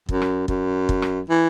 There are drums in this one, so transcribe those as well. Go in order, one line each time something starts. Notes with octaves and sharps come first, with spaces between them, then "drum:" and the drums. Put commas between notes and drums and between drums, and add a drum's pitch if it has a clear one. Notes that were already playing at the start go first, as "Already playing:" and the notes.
F#2, drum: kick
drum: rim click
F#2, drum: kick
drum: kick
drum: rim click
E3